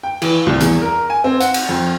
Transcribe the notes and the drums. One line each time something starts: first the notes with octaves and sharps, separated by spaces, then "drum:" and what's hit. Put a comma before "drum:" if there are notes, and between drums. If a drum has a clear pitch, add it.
G5
E3, drum: cymbal
C2
E2, drum: hi-hat
A#4
G#5
C4
F#5, drum: hi-hat
drum: cymbal
F2